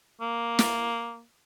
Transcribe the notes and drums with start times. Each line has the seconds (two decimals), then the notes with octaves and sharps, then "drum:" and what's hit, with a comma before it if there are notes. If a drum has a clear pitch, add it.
0.21 A#3
0.59 drum: snare